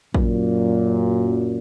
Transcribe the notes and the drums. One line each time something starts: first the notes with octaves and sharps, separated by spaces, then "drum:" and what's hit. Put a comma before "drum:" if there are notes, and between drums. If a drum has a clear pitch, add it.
F#2 A#2, drum: kick A1